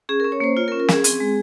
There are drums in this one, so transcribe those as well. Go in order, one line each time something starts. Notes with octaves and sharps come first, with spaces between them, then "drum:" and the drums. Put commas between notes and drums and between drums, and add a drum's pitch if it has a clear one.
C#4 G#4
C#4 A#4
C#5
A#3 C5
F4 C#5
A#4
C#4
A#4
C#4 G#4, drum: snare
C4, drum: hi-hat
G#3